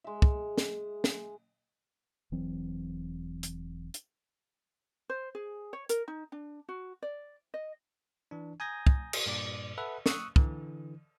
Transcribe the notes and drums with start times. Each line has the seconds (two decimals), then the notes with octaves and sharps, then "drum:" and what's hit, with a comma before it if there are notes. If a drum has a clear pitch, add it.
0.04 G#3 E5
0.22 drum: kick
0.58 drum: snare
1.04 drum: snare
2.32 E1 E3 F#3 C4
3.43 drum: hi-hat
3.94 drum: hi-hat
5.09 C5
5.35 G#4
5.73 C#5
5.89 A#4, drum: hi-hat
6.08 D#4
6.32 D4
6.69 F#4
7.02 D5
7.54 D#5
8.31 E3 D4
8.60 G#5 A#5 D#6 G6 G#6 A#6
8.87 drum: kick
9.13 drum: cymbal
9.26 G2 A#2 D5 D6
9.78 A4 B4 E5 F#5
10.06 C#6 D#6 E6 F#6, drum: snare
10.36 D3 E3, drum: kick